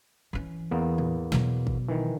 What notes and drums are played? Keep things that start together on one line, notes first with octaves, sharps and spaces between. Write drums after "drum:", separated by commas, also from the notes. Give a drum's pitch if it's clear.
E3 C#4
E2 A#3 B3
drum: tom A2
B2 F#3, drum: snare
drum: kick
D#3 E3